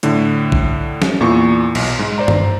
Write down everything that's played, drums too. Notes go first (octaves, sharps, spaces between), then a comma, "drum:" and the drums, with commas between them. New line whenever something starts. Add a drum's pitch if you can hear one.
A2 D3, drum: hi-hat
drum: kick
drum: snare
E2 A#2 E4 C#6
B1, drum: cymbal
G#2
C5 D5 A#5
drum: tom G2